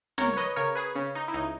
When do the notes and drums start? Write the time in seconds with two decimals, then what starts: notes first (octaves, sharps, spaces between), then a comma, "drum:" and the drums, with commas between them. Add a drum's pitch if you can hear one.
0.18 C#2 A#4 C#5, drum: snare
0.34 C#5
0.37 B4 D#5
0.56 C#3 A#4 C#5
0.75 G#4 B4
0.95 C#3 C#4
1.15 D#4
1.28 E4
1.34 C#2 D#4